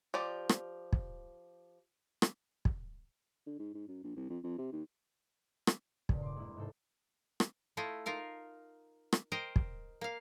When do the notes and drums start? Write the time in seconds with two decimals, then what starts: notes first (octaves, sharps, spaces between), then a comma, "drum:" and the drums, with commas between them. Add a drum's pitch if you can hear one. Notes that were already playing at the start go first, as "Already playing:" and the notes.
0.14 F3 G4 D5
0.49 drum: rim click
0.93 drum: kick
2.22 drum: rim click
2.65 drum: kick
3.47 D3
3.59 G#2
3.74 G#2
3.88 F#2
4.04 A#1
4.16 C2
4.29 F2
4.44 F2
4.58 C3
4.73 D#2
5.67 drum: rim click
6.09 E2 G2 A#2 C#3 C4, drum: kick
6.22 C6 D6
6.36 G#3 A#3 E4
6.56 G#1 G#2 C3 A4 C5
7.40 drum: rim click
7.77 A3 E4 F4 D#5
8.06 D#4 F4 A#4 F5
9.13 drum: rim click
9.32 A#4 C5 D#5 G5
9.56 drum: kick
10.01 A#3 F5